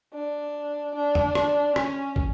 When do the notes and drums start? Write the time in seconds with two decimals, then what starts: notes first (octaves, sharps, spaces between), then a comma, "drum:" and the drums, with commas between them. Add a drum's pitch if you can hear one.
0.14 D4
0.95 D4
1.15 drum: tom
1.35 drum: rim click
1.76 C#4, drum: rim click
2.16 drum: kick